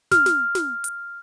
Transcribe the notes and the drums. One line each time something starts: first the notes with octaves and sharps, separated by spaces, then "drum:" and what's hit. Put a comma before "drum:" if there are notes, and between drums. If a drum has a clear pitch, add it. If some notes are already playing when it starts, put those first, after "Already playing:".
F6, drum: snare
drum: snare
drum: snare
drum: hi-hat